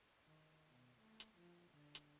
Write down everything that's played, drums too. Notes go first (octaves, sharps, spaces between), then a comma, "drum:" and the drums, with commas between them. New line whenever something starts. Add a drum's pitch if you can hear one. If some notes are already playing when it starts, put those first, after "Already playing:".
D#3
B2
A3
drum: hi-hat
F3
D3
drum: hi-hat